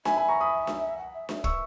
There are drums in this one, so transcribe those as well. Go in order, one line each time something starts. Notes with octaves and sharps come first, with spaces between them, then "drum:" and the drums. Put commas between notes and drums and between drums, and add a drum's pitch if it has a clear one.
E5 G#5 B5, drum: snare D4
G#5 B5
A#5 C#6
B5 D#6
drum: snare D4
F#5
E5
E5, drum: snare D4
C#6 E6, drum: kick